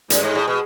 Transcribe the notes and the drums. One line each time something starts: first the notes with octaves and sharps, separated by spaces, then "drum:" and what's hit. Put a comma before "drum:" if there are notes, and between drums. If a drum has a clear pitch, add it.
F#2 G#3, drum: hi-hat
G#2
A2
B2